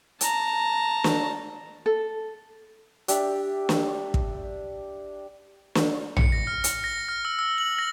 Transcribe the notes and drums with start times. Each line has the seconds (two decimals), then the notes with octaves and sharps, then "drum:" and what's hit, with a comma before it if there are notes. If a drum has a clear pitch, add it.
0.21 A5 A#5, drum: hi-hat
1.04 drum: snare
1.86 A4
3.08 D4 G4 E5, drum: hi-hat
3.69 drum: snare
4.14 drum: kick
5.75 drum: snare
6.17 C#7, drum: tom A#1
6.32 A#6
6.47 F6
6.64 C#7, drum: hi-hat
6.84 A#6
7.09 F6
7.25 E6
7.39 E6
7.58 F#7
7.79 A#6